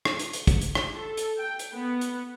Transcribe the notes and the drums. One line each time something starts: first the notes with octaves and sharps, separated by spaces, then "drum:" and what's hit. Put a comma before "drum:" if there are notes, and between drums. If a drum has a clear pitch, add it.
drum: rim click
drum: hi-hat
drum: hi-hat
drum: kick, hi-hat
drum: hi-hat
drum: rim click
A4
drum: hi-hat
G5
drum: hi-hat
B3
drum: hi-hat